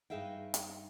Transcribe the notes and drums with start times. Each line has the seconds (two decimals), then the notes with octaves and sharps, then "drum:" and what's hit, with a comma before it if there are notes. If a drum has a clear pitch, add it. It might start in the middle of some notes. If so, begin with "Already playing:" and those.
0.10 G2 D#4 G#4 E5 F5 G5
0.54 drum: hi-hat